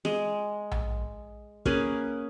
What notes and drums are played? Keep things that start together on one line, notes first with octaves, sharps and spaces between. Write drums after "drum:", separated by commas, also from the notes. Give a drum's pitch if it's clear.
G#3, drum: snare F4
drum: tom A#1
A#3 C#4 G#4 B4, drum: kick